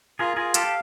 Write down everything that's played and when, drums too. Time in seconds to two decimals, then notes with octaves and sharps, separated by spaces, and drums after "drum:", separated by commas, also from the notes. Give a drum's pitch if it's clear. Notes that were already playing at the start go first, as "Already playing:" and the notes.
0.19 F4 G#4 A#4
0.37 F4 G#4 A#4
0.54 G4 A4 F5, drum: hi-hat